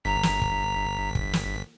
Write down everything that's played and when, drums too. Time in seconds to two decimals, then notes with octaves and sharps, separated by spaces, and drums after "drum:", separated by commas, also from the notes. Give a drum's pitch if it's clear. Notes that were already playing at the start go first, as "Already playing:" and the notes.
0.05 G1 A#5 B6
0.23 drum: snare
0.42 drum: kick
1.15 drum: kick
1.33 drum: snare